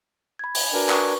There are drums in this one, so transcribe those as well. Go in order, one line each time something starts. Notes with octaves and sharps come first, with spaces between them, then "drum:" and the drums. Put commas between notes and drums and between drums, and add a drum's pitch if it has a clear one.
B5 G#6
drum: open hi-hat
D4 F#4 A#4 B4 G#5
B4 C#6, drum: clap